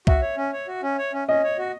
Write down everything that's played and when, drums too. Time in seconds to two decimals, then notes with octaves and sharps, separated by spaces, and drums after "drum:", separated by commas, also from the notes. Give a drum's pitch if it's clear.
0.07 F#4 E5, drum: kick
0.22 C#5
0.37 C#4
0.53 C#5
0.68 F#4
0.83 C#4
0.98 C#5
1.13 C#4
1.28 C#4 D#5
1.43 C#5
1.58 F#4